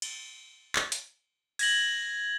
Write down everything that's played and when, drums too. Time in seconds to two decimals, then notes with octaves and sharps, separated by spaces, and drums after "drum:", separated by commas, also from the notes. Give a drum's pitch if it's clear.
0.02 drum: cymbal
0.76 drum: clap
0.92 drum: hi-hat
1.59 G#6 A#6 F#7, drum: cymbal